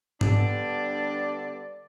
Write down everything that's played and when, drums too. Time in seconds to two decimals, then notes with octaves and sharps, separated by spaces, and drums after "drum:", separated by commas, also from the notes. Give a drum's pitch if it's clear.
0.21 D3 G3 B3 D4 D5, drum: tom G#2